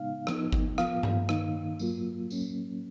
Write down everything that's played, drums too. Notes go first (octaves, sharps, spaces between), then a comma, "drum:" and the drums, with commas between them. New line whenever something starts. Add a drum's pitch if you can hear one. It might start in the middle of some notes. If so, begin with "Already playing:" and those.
Already playing: C#3 G#3 B3 D#4 F5
F3 B3 D#4, drum: rim click
drum: kick G1
F3 B3 F4 F5, drum: rim click
drum: tom G2
D#3 A#3 D#4, drum: rim click
F#3 A#3 F4, drum: tambourine
F#3 A#3 C#4, drum: tambourine